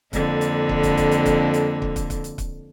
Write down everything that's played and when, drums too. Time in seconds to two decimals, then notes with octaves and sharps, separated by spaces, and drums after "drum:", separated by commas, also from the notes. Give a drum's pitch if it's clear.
0.13 F2 D3 A#3, drum: kick, hi-hat
0.41 drum: hi-hat
0.69 drum: kick
0.83 drum: kick, hi-hat
0.97 drum: kick, hi-hat
1.11 drum: hi-hat
1.26 drum: kick, hi-hat
1.54 drum: hi-hat
1.82 drum: kick
1.96 drum: kick, hi-hat
2.10 drum: kick, hi-hat
2.24 drum: hi-hat
2.38 drum: kick, hi-hat